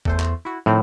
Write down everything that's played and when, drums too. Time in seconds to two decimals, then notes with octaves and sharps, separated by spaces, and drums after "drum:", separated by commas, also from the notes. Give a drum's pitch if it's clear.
0.05 E2 A3 C5, drum: kick G1
0.20 drum: clap
0.45 E4 F#4
0.66 A2 D#3 F3 C4